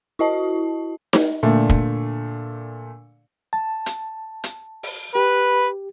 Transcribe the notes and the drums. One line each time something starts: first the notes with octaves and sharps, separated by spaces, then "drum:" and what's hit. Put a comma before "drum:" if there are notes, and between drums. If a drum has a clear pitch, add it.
E4 F#4 D#5 A5
drum: snare D#4
A#2 D3 A3
drum: kick
A5
drum: hi-hat
drum: hi-hat
drum: open hi-hat
G4 B4